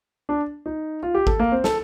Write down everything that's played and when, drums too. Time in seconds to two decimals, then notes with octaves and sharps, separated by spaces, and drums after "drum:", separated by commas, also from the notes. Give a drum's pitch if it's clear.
0.29 D4
0.66 D#4
1.03 F4
1.15 G4
1.27 A4, drum: kick G#1
1.39 A#3
1.52 C4
1.64 A4, drum: snare